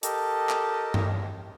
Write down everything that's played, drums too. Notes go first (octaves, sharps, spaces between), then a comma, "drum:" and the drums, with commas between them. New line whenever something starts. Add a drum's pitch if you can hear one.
G4 A4 A#4 D#5 A5, drum: hi-hat
drum: clap
drum: tom G2